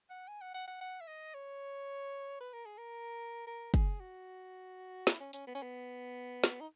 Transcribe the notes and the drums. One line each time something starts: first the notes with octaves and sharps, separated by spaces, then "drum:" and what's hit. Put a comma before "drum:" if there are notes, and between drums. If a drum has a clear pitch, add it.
F#5
G#5
F#5
F#5
F#5
F#5
E5
D#5
C#5
B4
A#4
G#4
A#4
A#4
G#4, drum: kick
F#4
E4, drum: snare
C#4
C#4, drum: hi-hat
B3
C#4
B3
drum: snare
D#4